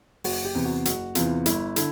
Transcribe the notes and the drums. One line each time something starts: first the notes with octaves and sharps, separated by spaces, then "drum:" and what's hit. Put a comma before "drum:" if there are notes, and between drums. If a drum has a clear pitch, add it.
F#1 F#4, drum: open hi-hat
G4
E2 C3 E3
F#4
F#1 F#4, drum: hi-hat
E2 C3 E3 F4, drum: hi-hat
G1 E4, drum: hi-hat
D3 E4, drum: hi-hat